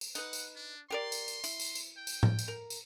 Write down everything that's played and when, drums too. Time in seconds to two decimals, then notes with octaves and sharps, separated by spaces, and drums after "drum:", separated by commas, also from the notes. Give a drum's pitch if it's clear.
0.01 drum: tambourine
0.15 D#4 B4 F#5, drum: tambourine
0.33 drum: tambourine
0.56 D4
0.90 G4 A#4 D5 C6
1.12 drum: tambourine
1.28 drum: tambourine
1.44 E4, drum: tambourine
1.60 drum: tambourine
1.75 drum: tambourine
1.97 G5
2.07 drum: tambourine
2.23 drum: tom A2
2.39 drum: tambourine
2.48 A#4
2.70 drum: tambourine